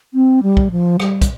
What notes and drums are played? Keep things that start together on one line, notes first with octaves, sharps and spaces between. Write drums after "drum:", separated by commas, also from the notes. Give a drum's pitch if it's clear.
C4
G3
drum: kick
F3
G3, drum: rim click
drum: kick, hi-hat